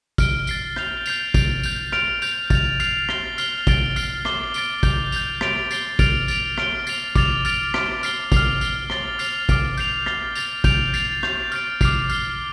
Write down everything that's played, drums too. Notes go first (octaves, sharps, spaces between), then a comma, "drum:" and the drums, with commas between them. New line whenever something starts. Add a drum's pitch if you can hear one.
F6 D7 G7, drum: kick, tambourine
A6 C7 G7, drum: tambourine
G6 F7, drum: rim click
G6 C7 F7, drum: tambourine
A6 D7 F7, drum: kick, tambourine
G6 F7, drum: tambourine
F6 D7 F7, drum: rim click
G6 F7, drum: tambourine
A6 F7, drum: kick, tambourine
F6 C7 F7, drum: tambourine
A6 C7 G7, drum: rim click
F6 C7 G7, drum: tambourine
A6 D7 G7, drum: kick, tambourine
F6 C7 G7, drum: tambourine
D6 A6 C7 G7, drum: rim click
A6 D7 G7, drum: tambourine
G6 F7, drum: kick, tambourine
G6 F7, drum: tambourine
A6 D7 F7, drum: rim click
A6 C7 G7, drum: tambourine
F6 A6 D7 F7, drum: kick, tambourine
A6 D7 F7, drum: tambourine
F6 D7 G7, drum: rim click
A6 C7 F7, drum: tambourine
D6 A6 F7, drum: kick, tambourine
F6 A6 D7 F7, drum: tambourine
D6 F6 D7, drum: rim click
F6 C7 G7, drum: tambourine
F6 C7 F7, drum: kick, tambourine
F6 C7 G7, drum: tambourine
A6 C7 G7, drum: rim click
F6 C7 F7, drum: tambourine
D6 F6 D7 G7, drum: kick, tambourine
G6 C7 F7, drum: tambourine
F6 A6 C7 G7, drum: rim click
A6 F7, drum: tambourine
G6 D7 F7, drum: kick, tambourine
A6 C7 F7, drum: tambourine
G6 F7, drum: rim click
F6 A6 D7, drum: tambourine
D6 F6 C7 F7, drum: kick, tambourine
F6 C7 G7, drum: tambourine